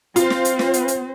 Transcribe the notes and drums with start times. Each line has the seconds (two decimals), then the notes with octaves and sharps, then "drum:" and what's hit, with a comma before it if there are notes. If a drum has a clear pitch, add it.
0.16 C4 F4 C5, drum: hi-hat
0.30 drum: snare
0.45 drum: hi-hat
0.59 drum: snare
0.74 drum: hi-hat
0.88 drum: hi-hat